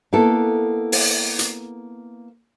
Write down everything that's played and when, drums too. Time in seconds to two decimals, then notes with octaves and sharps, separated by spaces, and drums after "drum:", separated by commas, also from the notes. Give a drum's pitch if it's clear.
0.13 A#3 B3 E4 A4
0.92 drum: open hi-hat
1.39 drum: hi-hat